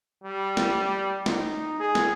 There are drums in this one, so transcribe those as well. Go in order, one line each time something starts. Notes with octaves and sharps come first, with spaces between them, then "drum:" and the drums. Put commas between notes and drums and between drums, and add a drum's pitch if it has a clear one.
G3
drum: snare
D#4, drum: snare
G#4
drum: snare